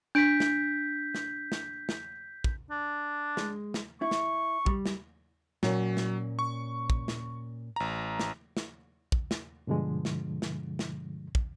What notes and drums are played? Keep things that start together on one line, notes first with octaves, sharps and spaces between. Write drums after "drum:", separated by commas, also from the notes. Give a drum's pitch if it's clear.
D4 G6 B6 D7
drum: snare
drum: snare
drum: snare
drum: snare
drum: kick
D4
G#3, drum: snare
drum: snare
E4 C#6
drum: snare
G3, drum: kick
drum: snare
A#2 F#3 C#4 C#5, drum: snare
drum: snare
C#6
drum: kick
drum: snare
A1 A#5
drum: snare
drum: snare
drum: kick
drum: snare
G2 B2 D3 F3 G#3
drum: snare
drum: snare
drum: snare
drum: kick